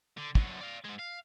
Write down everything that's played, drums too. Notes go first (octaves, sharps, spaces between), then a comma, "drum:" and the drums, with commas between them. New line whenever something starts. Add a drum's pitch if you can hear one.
D3
F#2 D3, drum: kick
D5 F5
G#2 G#3
F5